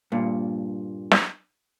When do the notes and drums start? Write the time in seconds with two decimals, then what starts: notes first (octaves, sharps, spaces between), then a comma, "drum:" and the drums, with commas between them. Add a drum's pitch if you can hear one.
0.12 G2 A#2
1.11 drum: snare